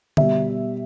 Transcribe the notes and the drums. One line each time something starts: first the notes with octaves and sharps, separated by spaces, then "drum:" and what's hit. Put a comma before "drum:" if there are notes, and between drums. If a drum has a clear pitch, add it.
B2 G3 E5, drum: tom D3